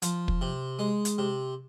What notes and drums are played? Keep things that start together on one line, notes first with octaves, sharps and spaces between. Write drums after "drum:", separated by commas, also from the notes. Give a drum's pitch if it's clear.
F3, drum: hi-hat
drum: kick
C3
G#3
drum: hi-hat
C3